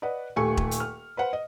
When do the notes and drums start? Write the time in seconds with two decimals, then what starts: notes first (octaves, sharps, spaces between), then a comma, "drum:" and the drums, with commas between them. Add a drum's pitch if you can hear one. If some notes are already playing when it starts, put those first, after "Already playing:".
0.02 B4 D5 D#5 F#5
0.36 D#1 A3 G4 G#5 C#6 C#7
0.57 drum: kick E1
0.71 drum: hi-hat
0.80 F6
1.17 B4 C5 F#5
1.33 D#5